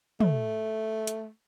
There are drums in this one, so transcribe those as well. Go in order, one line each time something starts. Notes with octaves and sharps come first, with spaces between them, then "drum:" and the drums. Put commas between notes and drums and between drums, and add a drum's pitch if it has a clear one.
A3, drum: tom
drum: hi-hat